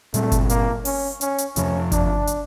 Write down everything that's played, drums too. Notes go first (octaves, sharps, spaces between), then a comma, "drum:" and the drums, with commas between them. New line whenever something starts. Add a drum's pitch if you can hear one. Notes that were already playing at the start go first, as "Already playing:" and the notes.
A#2 G3 A3 C4, drum: hi-hat
drum: kick G1, hi-hat
A#3, drum: hi-hat
C#4, drum: open hi-hat
C#4, drum: hi-hat
drum: hi-hat
F2 C3 F3 C#4, drum: hi-hat
D4, drum: kick G1, hi-hat
drum: hi-hat